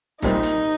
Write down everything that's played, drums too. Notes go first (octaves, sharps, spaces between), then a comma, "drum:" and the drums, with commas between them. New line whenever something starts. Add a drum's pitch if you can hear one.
C2 A#2 G3 C4 D#4, drum: kick, hi-hat
drum: hi-hat